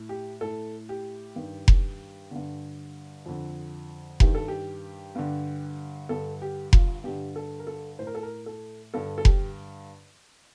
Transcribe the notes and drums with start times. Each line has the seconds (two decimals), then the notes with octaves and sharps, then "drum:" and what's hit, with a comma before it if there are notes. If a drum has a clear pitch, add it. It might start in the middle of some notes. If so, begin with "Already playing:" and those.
Already playing: A2
0.09 G4
0.41 A2 A4
0.89 G4
1.36 G2 D#3
1.68 drum: kick F1
2.31 G2 D3
3.26 F2 D3
4.20 G2 D#3 G4, drum: kick F1
4.35 A4
4.48 G4
5.15 G2 D3
6.09 G2 D3 A4
6.42 G4
6.73 F4, drum: kick F1
7.04 G2 D3 G4
7.36 A4
7.59 A#4
7.67 A4
7.99 A2 C5
8.07 A#4
8.15 A4
8.23 A#4
8.46 A4
8.94 G2 D3 A4
9.18 A4
9.25 G4, drum: kick F1